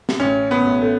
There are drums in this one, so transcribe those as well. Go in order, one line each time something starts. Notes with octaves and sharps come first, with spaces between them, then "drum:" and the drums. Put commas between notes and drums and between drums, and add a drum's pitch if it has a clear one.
drum: snare
A1 C#4
B3
A1
A3